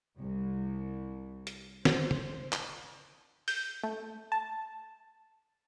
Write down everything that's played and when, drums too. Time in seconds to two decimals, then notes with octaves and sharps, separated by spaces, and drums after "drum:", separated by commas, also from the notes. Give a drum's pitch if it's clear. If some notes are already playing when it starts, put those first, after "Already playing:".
0.17 C2
1.47 drum: hi-hat
1.85 C5, drum: snare
2.11 drum: tom
2.53 drum: clap
3.48 G6, drum: open hi-hat
3.84 A3
4.32 A5